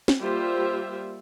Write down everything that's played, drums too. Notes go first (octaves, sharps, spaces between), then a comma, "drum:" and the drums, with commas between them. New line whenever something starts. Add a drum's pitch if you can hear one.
drum: snare
G3 A#3 F4 G4 C5 E5